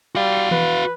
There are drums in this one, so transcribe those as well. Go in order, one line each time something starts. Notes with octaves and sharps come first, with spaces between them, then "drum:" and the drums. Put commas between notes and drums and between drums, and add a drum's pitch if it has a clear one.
G3 F#4 F5
B4, drum: tom E3